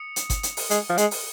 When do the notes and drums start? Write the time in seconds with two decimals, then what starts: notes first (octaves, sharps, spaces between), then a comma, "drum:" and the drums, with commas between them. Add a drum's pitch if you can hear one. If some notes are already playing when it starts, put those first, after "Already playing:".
Already playing: D#6 C#7
0.16 drum: hi-hat
0.30 drum: kick G1, hi-hat
0.43 drum: hi-hat
0.57 drum: open hi-hat
0.70 G#3, drum: hi-hat
0.89 F3
0.98 G#3, drum: hi-hat
1.11 drum: open hi-hat